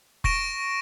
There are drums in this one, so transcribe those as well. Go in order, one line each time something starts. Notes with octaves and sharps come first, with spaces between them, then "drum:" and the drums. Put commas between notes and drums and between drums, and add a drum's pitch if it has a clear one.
C#6 A#6 D7 E7, drum: kick